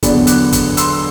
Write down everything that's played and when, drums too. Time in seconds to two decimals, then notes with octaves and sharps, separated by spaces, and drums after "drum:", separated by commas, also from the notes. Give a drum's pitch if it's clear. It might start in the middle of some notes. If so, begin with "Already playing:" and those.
0.03 E2 D3 F#3 B3 D4, drum: kick, hi-hat
0.27 D6 F#6, drum: hi-hat
0.52 drum: kick, hi-hat
0.77 C6 E6, drum: hi-hat